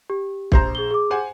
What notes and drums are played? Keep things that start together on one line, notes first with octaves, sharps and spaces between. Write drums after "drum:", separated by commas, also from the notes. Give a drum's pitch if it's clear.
G4
A#1 C5 A#5, drum: kick
G#4 G7
G#4 D6
C5 F#5 G#5